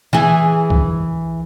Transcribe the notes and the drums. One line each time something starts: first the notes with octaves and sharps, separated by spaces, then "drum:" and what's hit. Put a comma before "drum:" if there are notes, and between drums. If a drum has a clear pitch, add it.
E3 G#4
drum: kick C2